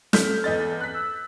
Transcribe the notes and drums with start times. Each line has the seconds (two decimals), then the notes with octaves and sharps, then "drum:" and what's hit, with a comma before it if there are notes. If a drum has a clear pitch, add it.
0.13 A4 F6 G6 B6, drum: snare
0.44 E2 D#5 A6
0.80 F#6 B6
0.94 E6